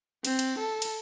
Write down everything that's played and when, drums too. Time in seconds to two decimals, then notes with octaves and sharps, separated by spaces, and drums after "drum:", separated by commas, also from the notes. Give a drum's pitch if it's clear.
0.25 C4, drum: cymbal
0.39 drum: cymbal
0.59 A4
0.82 drum: cymbal